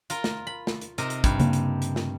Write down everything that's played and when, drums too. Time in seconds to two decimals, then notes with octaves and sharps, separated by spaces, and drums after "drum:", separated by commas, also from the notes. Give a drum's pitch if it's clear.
0.10 F4 A#4, drum: hi-hat
0.24 drum: snare
0.47 B5
0.67 drum: snare
0.81 drum: hi-hat
0.98 C3 D#4 A#4, drum: hi-hat
1.10 drum: hi-hat
1.24 G2, drum: kick, hi-hat
1.40 C#3 A#3, drum: hi-hat
1.53 drum: hi-hat
1.82 drum: hi-hat
1.96 drum: snare